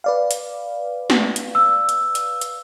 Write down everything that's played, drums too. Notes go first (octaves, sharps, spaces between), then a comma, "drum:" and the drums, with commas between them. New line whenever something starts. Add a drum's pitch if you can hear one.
B4 D5 F5
drum: hi-hat
drum: snare
drum: hi-hat
E6
drum: hi-hat
drum: hi-hat
drum: hi-hat